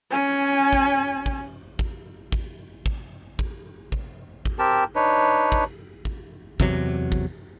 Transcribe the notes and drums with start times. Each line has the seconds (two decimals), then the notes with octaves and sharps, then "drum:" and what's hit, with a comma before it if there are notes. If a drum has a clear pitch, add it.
0.11 C#4 G#5
0.73 drum: kick
1.26 drum: kick
1.79 drum: kick
2.32 drum: kick
2.86 drum: kick
3.39 drum: kick
3.92 drum: kick
4.45 drum: kick
4.59 C4 G4 A#4 A5
4.95 D4 D#4 B4 C#5
5.52 drum: kick
6.05 drum: kick
6.60 E2 C3 F#3, drum: kick
7.12 drum: kick